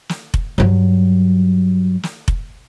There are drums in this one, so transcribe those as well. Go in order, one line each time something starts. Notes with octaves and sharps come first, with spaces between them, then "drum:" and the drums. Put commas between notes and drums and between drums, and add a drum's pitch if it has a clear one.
drum: snare
drum: kick F1
G2 F#3
drum: snare
drum: kick F1